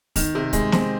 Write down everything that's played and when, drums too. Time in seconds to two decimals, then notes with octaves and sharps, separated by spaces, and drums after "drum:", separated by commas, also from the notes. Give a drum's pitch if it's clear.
0.16 D#3, drum: kick, open hi-hat
0.35 C3
0.53 G#3, drum: kick, hi-hat
0.72 C4, drum: snare